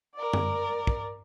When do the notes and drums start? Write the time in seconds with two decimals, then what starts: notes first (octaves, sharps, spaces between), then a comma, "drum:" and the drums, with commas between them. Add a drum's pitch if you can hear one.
0.15 A#4 D5
0.33 drum: tom F#2
0.87 drum: kick